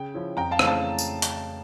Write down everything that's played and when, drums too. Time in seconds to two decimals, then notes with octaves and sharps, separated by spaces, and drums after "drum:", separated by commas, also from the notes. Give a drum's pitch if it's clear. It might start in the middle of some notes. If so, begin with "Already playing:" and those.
Already playing: C#3 G5
0.14 F3 C#4 E4
0.37 F2 G5 A#5
0.51 F5 A5
0.59 C#3 E3 A3 C#4, drum: rim click
0.66 F5 A5
0.99 drum: tambourine
1.22 drum: hi-hat